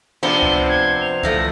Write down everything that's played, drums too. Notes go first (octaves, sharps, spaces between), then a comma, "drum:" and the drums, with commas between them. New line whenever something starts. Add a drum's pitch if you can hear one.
C3 F3 B3 C4 D4 G7
drum: kick C#2
G#6
F7
E3 F3 A3 A#6, drum: kick C#2